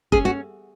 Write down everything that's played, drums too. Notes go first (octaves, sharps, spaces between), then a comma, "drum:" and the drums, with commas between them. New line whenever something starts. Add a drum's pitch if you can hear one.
C#4 G#4, drum: kick F1
F#4